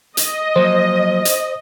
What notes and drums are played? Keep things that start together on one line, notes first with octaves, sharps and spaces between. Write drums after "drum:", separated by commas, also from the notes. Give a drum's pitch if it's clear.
D#5, drum: hi-hat
F3 F#3 A#3 C5
drum: hi-hat